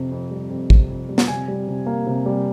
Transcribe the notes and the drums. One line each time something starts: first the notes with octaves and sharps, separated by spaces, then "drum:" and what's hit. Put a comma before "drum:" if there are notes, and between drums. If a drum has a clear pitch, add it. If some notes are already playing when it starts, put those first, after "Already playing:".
Already playing: F2 C3
F2
G3
F2
C3, drum: kick
F2
G3
drum: snare
C3 G#5
G3
C3
A#3
C3
G3